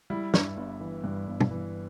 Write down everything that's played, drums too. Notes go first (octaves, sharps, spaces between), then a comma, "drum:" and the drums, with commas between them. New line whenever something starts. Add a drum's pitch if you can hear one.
G3 E4
G2, drum: snare
G1
E3
G2
G1
drum: tom
E3